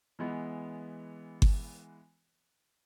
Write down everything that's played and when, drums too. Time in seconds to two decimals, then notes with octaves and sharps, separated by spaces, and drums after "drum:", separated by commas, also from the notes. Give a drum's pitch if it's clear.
0.19 E3 G#3 B3
1.42 drum: kick G1